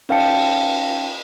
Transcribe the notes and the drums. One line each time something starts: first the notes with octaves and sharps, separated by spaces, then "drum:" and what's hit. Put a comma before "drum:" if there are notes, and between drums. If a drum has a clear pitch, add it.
C#4 D#4 F5 G5 A5 C#7, drum: cymbal